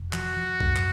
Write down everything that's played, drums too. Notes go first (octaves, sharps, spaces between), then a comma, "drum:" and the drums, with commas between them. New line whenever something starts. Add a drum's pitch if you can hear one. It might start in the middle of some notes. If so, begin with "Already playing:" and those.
Already playing: F1
F3 F#4, drum: clap
F3
F#2, drum: kick
drum: clap